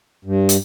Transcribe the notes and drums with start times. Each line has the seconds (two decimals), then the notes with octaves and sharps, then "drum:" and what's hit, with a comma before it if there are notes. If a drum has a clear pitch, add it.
0.25 G2
0.49 drum: hi-hat